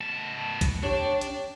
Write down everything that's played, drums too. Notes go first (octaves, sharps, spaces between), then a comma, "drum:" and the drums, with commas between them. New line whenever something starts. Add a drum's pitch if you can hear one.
B3 A5
drum: kick B1, hi-hat
D4 G4 C#5
drum: hi-hat